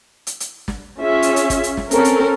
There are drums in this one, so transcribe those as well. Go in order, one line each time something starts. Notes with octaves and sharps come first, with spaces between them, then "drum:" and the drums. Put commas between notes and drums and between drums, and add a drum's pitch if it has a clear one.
drum: hi-hat
drum: hi-hat
drum: snare
C#4 F4 G#4 E5
drum: hi-hat
drum: hi-hat
drum: kick, hi-hat
drum: hi-hat
drum: snare
C4 C#4 A4 A#4, drum: hi-hat
drum: hi-hat